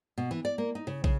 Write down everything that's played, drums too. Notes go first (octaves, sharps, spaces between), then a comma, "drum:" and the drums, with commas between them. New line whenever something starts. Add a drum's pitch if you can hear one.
B2
E3
D5
A#3
D#4
C#3
C#3, drum: kick